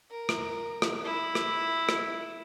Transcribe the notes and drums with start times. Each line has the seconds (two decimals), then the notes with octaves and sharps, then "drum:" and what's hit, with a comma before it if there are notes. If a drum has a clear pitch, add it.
0.11 A#4
0.29 drum: rim click
0.82 drum: rim click
1.05 E4
1.35 drum: rim click
1.89 drum: rim click